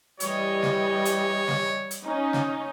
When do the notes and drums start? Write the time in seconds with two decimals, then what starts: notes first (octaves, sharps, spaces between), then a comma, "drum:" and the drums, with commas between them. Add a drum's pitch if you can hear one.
0.20 E3 G3 C#5 D#5, drum: hi-hat
0.63 drum: snare
1.05 drum: hi-hat
1.48 drum: snare
1.91 drum: hi-hat
2.03 C#4 D#4
2.33 drum: snare